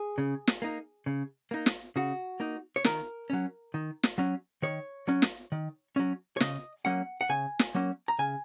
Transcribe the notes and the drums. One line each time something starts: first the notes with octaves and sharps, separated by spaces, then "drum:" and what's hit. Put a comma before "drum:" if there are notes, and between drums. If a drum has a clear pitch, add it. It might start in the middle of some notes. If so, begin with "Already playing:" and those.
Already playing: G#4
C#3
drum: snare
A#3 D#4
C#3
A#3 D#4
drum: snare
C#3 F#4
A#3 D#4
C#5
D#3 A#4, drum: snare
F#3 C#4
D#3
drum: snare
F#3 C#4
D#3 C#5
F#3 C#4
drum: snare
D#3
F#3 C#4
C#5
C#3 D#5, drum: snare
F#3 A#3 C#4 F#5
F#5
C#3 G#5
drum: snare
F#3 A#3 C#4
A#5
C#3 G#5